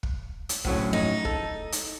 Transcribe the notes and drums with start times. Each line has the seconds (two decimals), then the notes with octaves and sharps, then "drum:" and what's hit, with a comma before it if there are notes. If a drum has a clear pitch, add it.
0.03 drum: kick
0.49 drum: hi-hat
0.65 A2 F#3 C#4, drum: kick
0.93 D#4
1.25 A4, drum: kick
1.72 drum: hi-hat